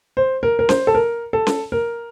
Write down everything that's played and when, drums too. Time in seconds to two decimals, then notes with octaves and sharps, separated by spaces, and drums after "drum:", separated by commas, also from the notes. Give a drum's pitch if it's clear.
0.17 C5
0.43 A#4
0.59 A#4
0.69 C5, drum: snare C#4
0.87 A4
0.95 A#4
1.33 A4
1.47 drum: snare C#4
1.72 A#4